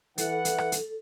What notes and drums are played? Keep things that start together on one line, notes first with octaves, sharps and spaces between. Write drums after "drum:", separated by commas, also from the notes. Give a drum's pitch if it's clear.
E3 A4 F#5, drum: hi-hat
drum: hi-hat
drum: rim click
drum: hi-hat